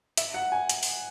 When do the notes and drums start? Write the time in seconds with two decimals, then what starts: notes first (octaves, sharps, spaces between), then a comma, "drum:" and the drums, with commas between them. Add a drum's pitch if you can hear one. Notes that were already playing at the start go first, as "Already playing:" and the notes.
0.17 E5, drum: hi-hat
0.34 F#5
0.52 G#5
0.70 drum: hi-hat
0.83 drum: open hi-hat